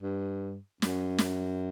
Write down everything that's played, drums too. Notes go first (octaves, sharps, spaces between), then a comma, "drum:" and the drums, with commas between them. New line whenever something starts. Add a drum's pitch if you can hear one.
G2
F#2, drum: snare
drum: snare